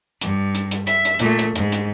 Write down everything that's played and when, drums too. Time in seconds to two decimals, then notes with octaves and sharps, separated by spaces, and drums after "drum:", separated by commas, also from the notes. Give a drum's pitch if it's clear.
0.21 G2, drum: hi-hat
0.55 drum: hi-hat
0.71 drum: hi-hat
0.87 E5, drum: hi-hat
1.05 drum: hi-hat
1.19 A#2 A3, drum: hi-hat
1.39 drum: hi-hat
1.55 G#2, drum: hi-hat
1.72 drum: hi-hat